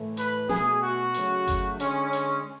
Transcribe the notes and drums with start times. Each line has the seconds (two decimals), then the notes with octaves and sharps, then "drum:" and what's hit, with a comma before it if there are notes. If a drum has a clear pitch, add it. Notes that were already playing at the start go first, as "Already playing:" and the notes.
Already playing: A2 E3 A3
0.17 B4, drum: hi-hat
0.49 B2 A3 G#4, drum: snare
0.82 F#4
1.14 C#3 F#3 A3, drum: hi-hat
1.47 drum: kick G1, hi-hat
1.80 D3 G#3 C#4, drum: hi-hat
2.13 drum: hi-hat